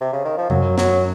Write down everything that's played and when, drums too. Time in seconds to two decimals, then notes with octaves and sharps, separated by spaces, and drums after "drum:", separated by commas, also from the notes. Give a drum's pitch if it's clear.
0.01 C3
0.13 C#3
0.25 D#3
0.37 F3
0.50 F#2 F#3, drum: tom C3
0.78 F#3, drum: snare